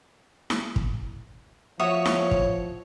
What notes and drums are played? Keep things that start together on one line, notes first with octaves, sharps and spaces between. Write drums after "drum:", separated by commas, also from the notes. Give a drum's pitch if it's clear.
drum: snare E4
drum: kick
F3 F#4 C#5 E5 D#6
drum: snare E4
drum: kick